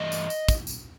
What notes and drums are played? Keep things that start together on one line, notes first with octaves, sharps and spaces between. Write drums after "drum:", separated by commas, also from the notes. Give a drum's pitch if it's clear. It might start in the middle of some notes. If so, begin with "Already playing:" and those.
Already playing: G2 E3 A3 D#5
drum: tambourine
drum: tambourine
drum: kick, tambourine
drum: tambourine